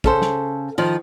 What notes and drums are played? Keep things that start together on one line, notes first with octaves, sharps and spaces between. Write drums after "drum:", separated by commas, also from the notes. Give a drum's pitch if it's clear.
C#3 A4 C5, drum: kick
drum: snare
D#3 F3